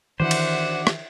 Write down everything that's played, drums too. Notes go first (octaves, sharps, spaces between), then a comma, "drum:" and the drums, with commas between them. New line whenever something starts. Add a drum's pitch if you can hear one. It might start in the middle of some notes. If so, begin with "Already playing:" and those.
D#3 E3 D4 F#4 C5 E5 F#5
drum: cymbal
drum: rim click